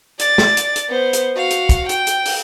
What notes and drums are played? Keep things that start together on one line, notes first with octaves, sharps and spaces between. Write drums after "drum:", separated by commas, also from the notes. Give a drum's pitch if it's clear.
D5 A6, drum: hi-hat
drum: snare
drum: hi-hat
drum: hi-hat
B3 C5
drum: hi-hat
F#4 F5
drum: hi-hat
drum: kick, hi-hat
G5, drum: hi-hat
drum: hi-hat
drum: open hi-hat